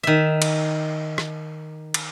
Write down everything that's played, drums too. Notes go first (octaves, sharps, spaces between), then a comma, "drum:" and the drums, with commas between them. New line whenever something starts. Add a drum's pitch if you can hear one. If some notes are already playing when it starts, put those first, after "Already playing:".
D#3 E5
drum: cymbal
drum: rim click
drum: cymbal